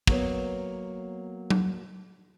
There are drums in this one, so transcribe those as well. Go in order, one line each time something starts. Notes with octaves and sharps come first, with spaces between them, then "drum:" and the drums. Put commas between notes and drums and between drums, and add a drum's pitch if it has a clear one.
F#3 A#3 B3 C#5, drum: kick
drum: tom F#3